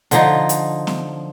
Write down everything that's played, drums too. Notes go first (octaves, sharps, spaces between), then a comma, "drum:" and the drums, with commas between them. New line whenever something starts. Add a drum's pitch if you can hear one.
D3 F3 D#4, drum: hi-hat
drum: hi-hat
drum: snare